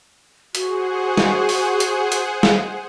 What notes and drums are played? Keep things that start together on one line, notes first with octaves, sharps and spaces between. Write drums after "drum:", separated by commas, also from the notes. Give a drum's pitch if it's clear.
F#4 G#4 C5 F#5, drum: hi-hat
drum: snare
drum: open hi-hat
drum: hi-hat
drum: hi-hat
drum: snare